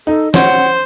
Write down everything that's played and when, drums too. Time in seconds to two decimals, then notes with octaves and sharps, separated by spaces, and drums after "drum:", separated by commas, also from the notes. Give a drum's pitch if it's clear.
0.07 D#4 A4
0.34 C5 C#5 F#5, drum: snare